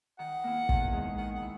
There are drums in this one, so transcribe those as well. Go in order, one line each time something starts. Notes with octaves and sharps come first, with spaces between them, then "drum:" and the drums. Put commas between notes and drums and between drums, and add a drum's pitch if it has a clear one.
D#3 F#5
A#3 E4
E2, drum: kick
D#3 G#3
D#3 F#5
F#5
E4